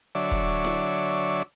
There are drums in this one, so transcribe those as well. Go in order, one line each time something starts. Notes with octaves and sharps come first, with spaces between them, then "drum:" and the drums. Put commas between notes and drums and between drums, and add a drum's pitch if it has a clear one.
D3 F#3 C#5 D5 E5
drum: kick
drum: snare E4